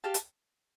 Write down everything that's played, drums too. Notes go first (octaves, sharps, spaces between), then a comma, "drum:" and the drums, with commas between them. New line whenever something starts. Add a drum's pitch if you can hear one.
G4 F5 A5
drum: hi-hat